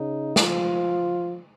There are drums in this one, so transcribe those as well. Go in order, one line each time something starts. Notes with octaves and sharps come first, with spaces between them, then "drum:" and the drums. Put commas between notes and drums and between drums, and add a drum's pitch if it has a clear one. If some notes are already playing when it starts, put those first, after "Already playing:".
Already playing: C#3 D#4
F3 F4, drum: snare